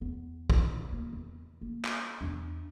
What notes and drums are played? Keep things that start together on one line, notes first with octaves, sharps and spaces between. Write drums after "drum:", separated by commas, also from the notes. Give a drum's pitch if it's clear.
E2 B3
drum: kick
A#3
E2
A#3
drum: clap
E2 D4